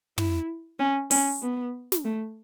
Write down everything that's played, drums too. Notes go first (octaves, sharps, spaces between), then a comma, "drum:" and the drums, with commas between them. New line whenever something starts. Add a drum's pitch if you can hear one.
E4, drum: tom
C#4
C#4, drum: open hi-hat
B3
drum: snare
A3